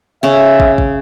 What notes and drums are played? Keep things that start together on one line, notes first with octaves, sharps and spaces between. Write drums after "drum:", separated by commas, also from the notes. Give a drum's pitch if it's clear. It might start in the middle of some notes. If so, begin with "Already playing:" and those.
C#3 C#4 E5
drum: kick
drum: kick